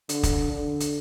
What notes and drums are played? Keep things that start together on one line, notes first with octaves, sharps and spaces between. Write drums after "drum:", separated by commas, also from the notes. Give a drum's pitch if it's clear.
D3, drum: hi-hat
drum: kick, hi-hat
D3
drum: hi-hat